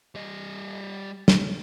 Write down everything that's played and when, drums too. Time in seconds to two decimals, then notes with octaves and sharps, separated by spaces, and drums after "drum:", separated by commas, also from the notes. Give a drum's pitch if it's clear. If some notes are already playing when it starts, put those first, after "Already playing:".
0.15 G3 D#5
1.28 drum: snare